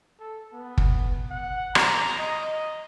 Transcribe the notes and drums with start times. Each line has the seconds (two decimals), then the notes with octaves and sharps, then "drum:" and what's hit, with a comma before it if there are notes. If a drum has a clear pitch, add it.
0.20 A4
0.53 B3
0.78 drum: kick
1.30 F#5
1.75 A#5, drum: rim click
2.18 D#5